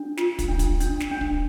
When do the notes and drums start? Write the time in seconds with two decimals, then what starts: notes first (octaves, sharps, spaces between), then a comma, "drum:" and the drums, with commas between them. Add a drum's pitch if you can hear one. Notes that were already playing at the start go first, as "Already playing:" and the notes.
Already playing: D4
0.17 F4, drum: snare
0.39 drum: kick, hi-hat
0.48 D4
0.59 drum: kick, hi-hat
0.80 D4, drum: hi-hat
1.00 drum: snare
1.11 D4
1.21 drum: kick